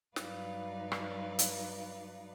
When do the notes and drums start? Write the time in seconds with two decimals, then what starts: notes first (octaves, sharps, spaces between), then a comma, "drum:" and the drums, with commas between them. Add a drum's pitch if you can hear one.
0.16 G2 F#3 D#4 B4 D5 F5, drum: snare
0.92 drum: rim click
1.39 drum: hi-hat